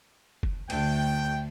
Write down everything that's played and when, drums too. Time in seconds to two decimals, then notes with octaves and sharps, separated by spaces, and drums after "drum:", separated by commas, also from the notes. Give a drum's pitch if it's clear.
0.43 drum: kick F#1
0.70 D2 D3 G5, drum: cymbal